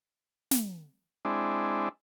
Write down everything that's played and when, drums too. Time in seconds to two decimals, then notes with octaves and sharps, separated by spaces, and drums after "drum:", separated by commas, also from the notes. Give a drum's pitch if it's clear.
0.51 drum: snare
1.25 G#3 C4 D4 E4